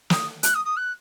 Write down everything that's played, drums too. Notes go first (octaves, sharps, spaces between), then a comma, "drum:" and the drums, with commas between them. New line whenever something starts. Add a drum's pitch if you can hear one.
D#6, drum: snare
F#6, drum: hi-hat
D#6
D#6
F#6